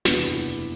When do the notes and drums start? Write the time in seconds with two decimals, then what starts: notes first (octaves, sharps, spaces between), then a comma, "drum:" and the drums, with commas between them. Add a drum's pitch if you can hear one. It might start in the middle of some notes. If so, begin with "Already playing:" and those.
0.05 F#1 E2 C3 E3 G3 B3 D4, drum: snare